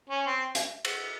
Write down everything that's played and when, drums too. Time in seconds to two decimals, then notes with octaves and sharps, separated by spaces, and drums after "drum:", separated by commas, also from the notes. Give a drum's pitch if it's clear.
0.09 C#4
0.26 C4
0.55 drum: hi-hat
0.85 drum: cymbal